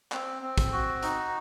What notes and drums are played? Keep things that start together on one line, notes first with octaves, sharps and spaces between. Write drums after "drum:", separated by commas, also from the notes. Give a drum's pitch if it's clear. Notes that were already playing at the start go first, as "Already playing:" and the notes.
C4, drum: clap
C4
drum: kick, hi-hat
F#4
D#4, drum: hi-hat